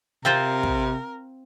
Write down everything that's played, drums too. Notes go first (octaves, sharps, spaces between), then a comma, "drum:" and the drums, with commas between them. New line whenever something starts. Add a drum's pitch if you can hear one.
C3 C4 F4 A#4 C5
drum: kick